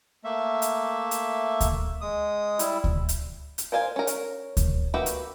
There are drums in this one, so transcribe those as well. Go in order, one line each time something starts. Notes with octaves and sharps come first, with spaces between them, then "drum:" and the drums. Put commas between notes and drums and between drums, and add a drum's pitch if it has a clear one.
A3 A#3 E5
drum: hi-hat
drum: hi-hat
drum: kick D2, hi-hat
G#3 D#6
G3 E4, drum: hi-hat
drum: kick D2
drum: hi-hat
drum: hi-hat
A#4 C5 F5 G#5
C#4 A#4
drum: hi-hat
drum: kick D2, hi-hat
A#3 F#4 G4 B4 E5
drum: hi-hat